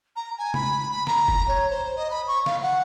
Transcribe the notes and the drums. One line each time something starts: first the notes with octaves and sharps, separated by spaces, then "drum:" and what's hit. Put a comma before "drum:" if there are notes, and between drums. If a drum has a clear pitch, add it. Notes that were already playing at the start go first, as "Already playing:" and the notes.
A#5
G#5
B5, drum: tom
B5
A#5, drum: snare
drum: kick F1
C#5
C5
D#5
B5
C#6
F5, drum: snare
F#5